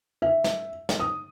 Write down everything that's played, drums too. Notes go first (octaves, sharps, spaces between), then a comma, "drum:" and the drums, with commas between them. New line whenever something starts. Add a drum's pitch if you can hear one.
E5
drum: snare
drum: snare
D#6